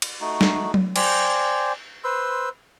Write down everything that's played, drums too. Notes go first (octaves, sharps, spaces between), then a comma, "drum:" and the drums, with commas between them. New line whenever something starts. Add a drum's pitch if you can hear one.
drum: cymbal
A3 D#4 F#4
drum: snare
drum: tom F#3
C5 D5 G5 G#5, drum: cymbal
B4 C5 C6 E6